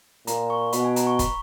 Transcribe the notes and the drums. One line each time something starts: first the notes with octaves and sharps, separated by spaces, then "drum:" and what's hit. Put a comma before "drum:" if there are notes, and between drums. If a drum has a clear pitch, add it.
A#2 A#5, drum: hi-hat
C#6
B2 B5, drum: hi-hat
F#5
G#5
A#5, drum: hi-hat
C#6
B5, drum: kick, hi-hat